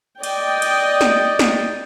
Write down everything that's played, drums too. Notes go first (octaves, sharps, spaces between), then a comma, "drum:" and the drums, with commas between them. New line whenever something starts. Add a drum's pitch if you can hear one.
D5 D#5 G5, drum: cymbal
drum: cymbal
drum: snare
drum: snare